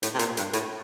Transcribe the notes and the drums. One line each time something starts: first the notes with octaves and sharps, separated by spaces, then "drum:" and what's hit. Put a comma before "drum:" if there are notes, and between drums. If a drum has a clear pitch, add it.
A2, drum: hi-hat
C3
A#2, drum: hi-hat
G2, drum: hi-hat
A2, drum: hi-hat